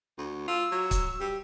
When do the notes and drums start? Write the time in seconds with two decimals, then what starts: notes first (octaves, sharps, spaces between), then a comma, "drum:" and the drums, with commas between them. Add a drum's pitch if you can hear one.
0.18 D2
0.48 F4 E6
0.72 F#3
0.91 drum: kick C#1, hi-hat
1.20 G3